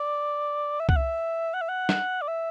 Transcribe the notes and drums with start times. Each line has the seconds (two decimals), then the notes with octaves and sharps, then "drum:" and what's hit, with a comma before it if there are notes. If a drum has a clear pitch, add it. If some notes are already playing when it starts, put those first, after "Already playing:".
Already playing: D5
0.80 E5
0.89 F#5, drum: kick C2
0.96 E5
1.54 F#5
1.62 E5
1.69 F#5
1.89 drum: snare
2.22 D5
2.28 E5